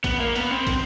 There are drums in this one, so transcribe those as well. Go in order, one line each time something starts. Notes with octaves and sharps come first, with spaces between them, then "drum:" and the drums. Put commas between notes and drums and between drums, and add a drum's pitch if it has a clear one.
B3, drum: kick, cymbal
A#3
B3, drum: cymbal
C4
drum: kick, cymbal